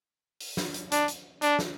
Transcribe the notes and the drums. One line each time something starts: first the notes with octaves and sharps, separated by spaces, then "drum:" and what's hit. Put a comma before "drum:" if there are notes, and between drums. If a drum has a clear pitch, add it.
drum: open hi-hat
drum: snare
drum: hi-hat
D4, drum: hi-hat
drum: hi-hat
D4, drum: hi-hat
drum: snare